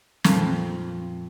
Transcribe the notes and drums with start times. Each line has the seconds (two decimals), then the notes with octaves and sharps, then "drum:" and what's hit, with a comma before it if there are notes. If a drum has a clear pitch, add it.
0.24 F2 A#2 F4 B5, drum: snare